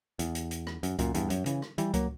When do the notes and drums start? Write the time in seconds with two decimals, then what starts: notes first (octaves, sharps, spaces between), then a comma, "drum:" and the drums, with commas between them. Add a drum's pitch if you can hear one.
0.19 E2, drum: hi-hat
0.35 drum: hi-hat
0.51 drum: hi-hat
0.67 drum: rim click
0.83 F#2, drum: hi-hat
0.99 F#2 A#2, drum: kick C#2, hi-hat
1.14 E2 G2, drum: hi-hat
1.30 F#2, drum: hi-hat
1.46 C#3 E3, drum: hi-hat
1.62 drum: rim click
1.78 E3 G3, drum: hi-hat
1.94 F#3 A#3, drum: kick C#2, hi-hat